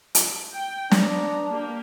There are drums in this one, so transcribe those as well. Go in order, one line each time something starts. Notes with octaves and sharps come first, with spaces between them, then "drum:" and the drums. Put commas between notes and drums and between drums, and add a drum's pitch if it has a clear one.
drum: hi-hat
G5
B3 D4 A#5, drum: snare
A#3 G4